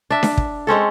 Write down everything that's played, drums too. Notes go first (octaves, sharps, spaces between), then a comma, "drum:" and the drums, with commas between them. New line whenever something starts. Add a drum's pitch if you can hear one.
D4 E5
drum: snare D4
drum: kick
G#3 C4 C#4 A4